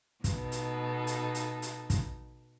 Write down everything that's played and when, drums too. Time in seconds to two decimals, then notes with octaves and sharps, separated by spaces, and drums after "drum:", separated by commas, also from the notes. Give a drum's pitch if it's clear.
0.24 B2 D#4 A4, drum: kick, hi-hat
0.52 drum: hi-hat
1.07 drum: hi-hat
1.35 drum: hi-hat
1.62 drum: hi-hat
1.90 drum: kick, hi-hat